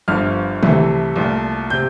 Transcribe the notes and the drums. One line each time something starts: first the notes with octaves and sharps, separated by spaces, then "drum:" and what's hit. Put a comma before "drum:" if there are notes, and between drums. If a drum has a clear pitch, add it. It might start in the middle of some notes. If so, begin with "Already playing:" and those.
G1 G2 D3 F3 F6
C2 C3 E3 A3, drum: tom
C2 A#2 A3
C3 G6